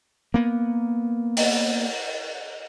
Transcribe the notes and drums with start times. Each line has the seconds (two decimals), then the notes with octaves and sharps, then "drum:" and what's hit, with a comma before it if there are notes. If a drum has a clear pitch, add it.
0.34 A#3 B3
1.37 drum: open hi-hat